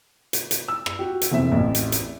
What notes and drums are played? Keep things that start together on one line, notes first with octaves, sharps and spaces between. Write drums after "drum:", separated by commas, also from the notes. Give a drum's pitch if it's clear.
drum: hi-hat
drum: hi-hat
E6
drum: rim click
F#4 G4
drum: hi-hat
F1 E2 C4 E5
A1
drum: hi-hat
drum: hi-hat